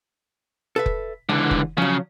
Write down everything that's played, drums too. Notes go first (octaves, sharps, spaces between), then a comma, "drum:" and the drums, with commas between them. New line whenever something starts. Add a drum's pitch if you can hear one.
A4 B4 E5
drum: kick F1
C#2 D3 E3 G#3 D5
drum: kick F1
C#3 F3 F#3